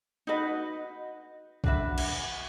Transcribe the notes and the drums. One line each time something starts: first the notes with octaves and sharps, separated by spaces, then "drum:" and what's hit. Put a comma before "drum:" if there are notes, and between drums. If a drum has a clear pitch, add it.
D#4 F#4 B4 D#5
D4 F#4 B4 E5, drum: kick B1
drum: cymbal